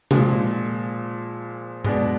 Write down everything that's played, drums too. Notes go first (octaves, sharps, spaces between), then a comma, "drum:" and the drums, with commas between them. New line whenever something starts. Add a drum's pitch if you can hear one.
A#2 F3 G#3, drum: tom C3
B2 G#3 B3 D4, drum: tom G#2